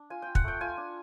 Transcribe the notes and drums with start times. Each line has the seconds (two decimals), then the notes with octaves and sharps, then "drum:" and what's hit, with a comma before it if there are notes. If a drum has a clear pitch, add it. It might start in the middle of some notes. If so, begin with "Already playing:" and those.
Already playing: D4
0.10 F4 G#5
0.22 F4 G5
0.35 F#5, drum: kick
0.44 A3 G5
0.60 F4 G#5
0.77 D4